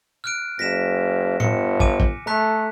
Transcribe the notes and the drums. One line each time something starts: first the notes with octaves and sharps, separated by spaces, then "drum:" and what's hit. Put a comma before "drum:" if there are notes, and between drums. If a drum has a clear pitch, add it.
F6 F#6 D7
F#1 A#6 B6 E7
G1 C#7, drum: tom A2
G#5 D6 D#7, drum: kick
drum: kick
A3 A#5 F#6 B6